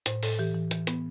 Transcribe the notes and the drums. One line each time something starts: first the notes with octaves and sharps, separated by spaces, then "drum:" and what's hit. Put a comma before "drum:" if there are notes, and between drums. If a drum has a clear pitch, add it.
A2 C5, drum: hi-hat
A2 A4, drum: open hi-hat
E3 G4
E3
E3, drum: hi-hat
B3, drum: hi-hat